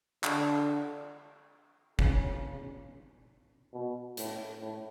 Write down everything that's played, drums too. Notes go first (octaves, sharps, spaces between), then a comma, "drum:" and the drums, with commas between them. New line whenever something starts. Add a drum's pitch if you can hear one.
D3, drum: clap
C#3, drum: kick
B2
A2, drum: hi-hat
A2